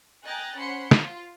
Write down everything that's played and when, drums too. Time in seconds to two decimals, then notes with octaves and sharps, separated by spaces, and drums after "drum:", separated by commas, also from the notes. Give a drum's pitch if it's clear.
0.23 D#5 G5 G#5 A#5 F#6 A6
0.57 C#4 C5 F#5 B5 C6 C#7
0.91 F4, drum: snare